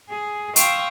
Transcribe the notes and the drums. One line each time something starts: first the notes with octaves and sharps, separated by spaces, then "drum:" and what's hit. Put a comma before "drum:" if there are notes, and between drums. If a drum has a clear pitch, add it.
G#4
F5 G5 C6 C#6 D#6 E6, drum: hi-hat